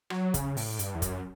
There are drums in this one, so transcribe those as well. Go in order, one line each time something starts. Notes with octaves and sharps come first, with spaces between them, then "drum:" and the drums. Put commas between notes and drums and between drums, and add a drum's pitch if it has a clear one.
F#3, drum: rim click
C#3, drum: kick, hi-hat
A2, drum: open hi-hat
G2, drum: hi-hat
E2
F#2, drum: kick, hi-hat